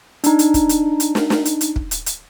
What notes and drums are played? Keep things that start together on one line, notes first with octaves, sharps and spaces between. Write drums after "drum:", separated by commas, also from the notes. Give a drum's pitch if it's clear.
D4 D#4, drum: hi-hat
drum: hi-hat
drum: kick, hi-hat
drum: hi-hat
drum: hi-hat
drum: snare
drum: snare
drum: hi-hat
drum: hi-hat
drum: kick
drum: hi-hat
drum: hi-hat